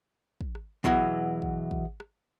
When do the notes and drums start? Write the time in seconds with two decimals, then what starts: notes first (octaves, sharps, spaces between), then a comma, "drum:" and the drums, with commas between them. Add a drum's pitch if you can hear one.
0.41 drum: kick
0.55 drum: rim click
0.84 E2 B2 E3 F#3, drum: kick
1.42 drum: kick
1.71 drum: kick
2.00 drum: rim click